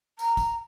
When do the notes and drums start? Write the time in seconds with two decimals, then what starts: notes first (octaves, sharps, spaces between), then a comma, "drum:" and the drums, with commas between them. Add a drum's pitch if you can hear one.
0.19 A#5, drum: tambourine
0.37 drum: kick, tambourine